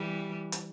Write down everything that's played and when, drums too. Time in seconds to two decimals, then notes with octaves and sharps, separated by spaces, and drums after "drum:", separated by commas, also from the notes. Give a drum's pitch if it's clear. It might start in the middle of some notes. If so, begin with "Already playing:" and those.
Already playing: E3 G3
0.52 drum: hi-hat